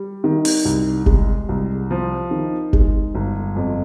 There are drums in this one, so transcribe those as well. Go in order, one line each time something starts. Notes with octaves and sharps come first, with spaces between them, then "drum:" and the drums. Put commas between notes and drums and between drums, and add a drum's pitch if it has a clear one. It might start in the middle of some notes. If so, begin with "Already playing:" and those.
Already playing: G3
D#3
drum: open hi-hat
C2
G#3, drum: kick F#1
C2
F3
D#3
G#3, drum: kick F#1
G1
F2